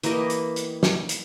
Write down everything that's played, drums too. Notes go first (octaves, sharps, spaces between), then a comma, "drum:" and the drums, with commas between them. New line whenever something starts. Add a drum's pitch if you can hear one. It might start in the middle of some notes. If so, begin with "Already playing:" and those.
E3 A#3 G4 D#5, drum: hi-hat
drum: hi-hat
drum: hi-hat
drum: snare
drum: hi-hat